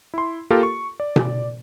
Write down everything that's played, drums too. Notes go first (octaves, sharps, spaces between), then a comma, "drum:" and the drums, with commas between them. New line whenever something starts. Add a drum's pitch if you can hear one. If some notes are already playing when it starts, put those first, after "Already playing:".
E4 C6
A#3 F4 G4 A4 A#4
C#6
D5
drum: tom B2